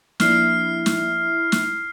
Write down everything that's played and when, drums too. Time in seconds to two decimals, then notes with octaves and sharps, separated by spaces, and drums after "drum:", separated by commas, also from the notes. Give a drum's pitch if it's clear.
0.20 F3 A#3 D4 E4 F6 C7, drum: snare
0.86 drum: snare
1.52 drum: snare